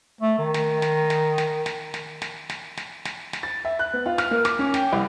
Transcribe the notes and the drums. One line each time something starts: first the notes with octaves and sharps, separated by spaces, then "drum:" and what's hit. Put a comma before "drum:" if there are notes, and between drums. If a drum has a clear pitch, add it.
A3
D#3
drum: snare
drum: snare
drum: snare
drum: snare
drum: snare
drum: snare
drum: snare
drum: snare
drum: snare
drum: snare
drum: snare
A6
E5
F#6
B3
F4
F6, drum: snare
A#3
D6, drum: snare
C#4
G5, drum: snare
C2